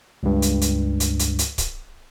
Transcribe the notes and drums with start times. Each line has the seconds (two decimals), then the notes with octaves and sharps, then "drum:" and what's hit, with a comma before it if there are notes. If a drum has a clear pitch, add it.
0.23 C#2 G2
0.42 drum: hi-hat
0.61 drum: hi-hat
1.00 drum: hi-hat
1.19 drum: hi-hat
1.39 drum: hi-hat
1.58 drum: kick C#1, hi-hat